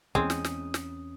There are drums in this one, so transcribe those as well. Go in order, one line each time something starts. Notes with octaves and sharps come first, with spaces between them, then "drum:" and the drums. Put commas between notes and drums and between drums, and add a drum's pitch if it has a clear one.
E2 G#3 C4 C#4 D#6, drum: kick
drum: snare
drum: snare
drum: snare